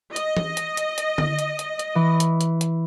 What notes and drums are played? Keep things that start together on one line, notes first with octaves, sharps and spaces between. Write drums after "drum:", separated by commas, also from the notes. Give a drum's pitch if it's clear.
D#5, drum: hi-hat
drum: tom E3
drum: hi-hat
drum: hi-hat
drum: hi-hat
drum: tom D3
drum: hi-hat
drum: hi-hat
drum: hi-hat
E3
drum: hi-hat
drum: hi-hat
drum: hi-hat